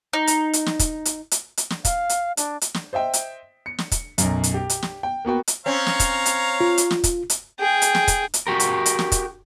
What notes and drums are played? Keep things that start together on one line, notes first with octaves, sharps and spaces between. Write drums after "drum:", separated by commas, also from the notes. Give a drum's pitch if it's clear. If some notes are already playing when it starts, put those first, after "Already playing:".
D#4
drum: hi-hat
drum: hi-hat
drum: snare
drum: kick, hi-hat
drum: hi-hat
drum: hi-hat
drum: hi-hat
drum: snare
F5, drum: kick, hi-hat
drum: hi-hat
D4, drum: hi-hat
drum: hi-hat
drum: snare
C5 D#5 E5 G5
drum: hi-hat
C#7
drum: snare
drum: kick, hi-hat
B1 F#2, drum: hi-hat
drum: hi-hat
G4
drum: hi-hat
drum: snare
G5
A#3 B3 F#4 G5
drum: hi-hat
C4 C#4 C#5 F5 A#5
drum: snare
drum: kick, hi-hat
drum: hi-hat
F4
drum: hi-hat
drum: snare
drum: kick, hi-hat
drum: hi-hat
G#4 G5
drum: hi-hat
drum: snare
drum: kick, hi-hat
drum: hi-hat
F#4 G4 A#4
drum: hi-hat
drum: hi-hat
drum: snare
drum: kick, hi-hat